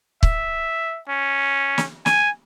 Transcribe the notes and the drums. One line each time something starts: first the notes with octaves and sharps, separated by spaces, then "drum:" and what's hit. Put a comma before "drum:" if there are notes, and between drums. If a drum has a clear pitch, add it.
E5, drum: kick
C#4
drum: snare
G#5, drum: snare